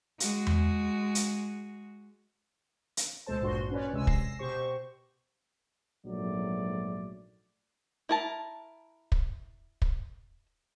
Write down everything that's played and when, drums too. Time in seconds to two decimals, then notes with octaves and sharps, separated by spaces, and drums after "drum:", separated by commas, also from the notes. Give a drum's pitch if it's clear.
0.20 G#3 F#4, drum: hi-hat
0.47 drum: tom E2
1.15 drum: hi-hat
2.97 drum: hi-hat
3.27 D2 B2 G#3 A4 C5 A5
3.41 A1 G2 A#2 F#4 C6
3.71 C#4 B4 C#5 D5
3.92 C#2 C3 G#3 G#5 E6
4.07 A#6 C7 E7, drum: kick
4.39 B2 G4 C5 C#6
6.05 A#1 G#2 F#3 A3 D5
8.09 E4 A#4 A5
9.12 drum: kick
9.82 drum: kick